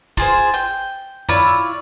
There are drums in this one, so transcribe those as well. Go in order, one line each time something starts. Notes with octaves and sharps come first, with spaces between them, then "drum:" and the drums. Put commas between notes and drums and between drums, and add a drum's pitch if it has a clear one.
F4 G#4 C5, drum: kick
G5
E4 F4 C#5 D5, drum: tom F2